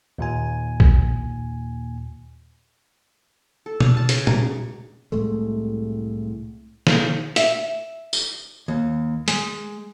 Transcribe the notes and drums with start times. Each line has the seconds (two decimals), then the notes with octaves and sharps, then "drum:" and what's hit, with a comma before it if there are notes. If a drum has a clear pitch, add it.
0.18 D#2 A#2 G#5
0.80 drum: kick
3.66 A4
3.80 F5, drum: tom B2
3.97 A5
4.09 C#3, drum: hi-hat
4.27 A#5, drum: tom A#2
5.12 C2 A2 G#3 A3
6.87 drum: snare
7.36 E5, drum: hi-hat
8.13 drum: tambourine
8.68 D#2
9.28 G#3, drum: hi-hat